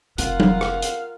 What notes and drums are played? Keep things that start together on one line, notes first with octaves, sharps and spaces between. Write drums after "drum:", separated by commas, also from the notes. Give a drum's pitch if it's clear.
F1 C4 F4 A#4 F5 F#5, drum: hi-hat
drum: tom F#3
drum: rim click
drum: hi-hat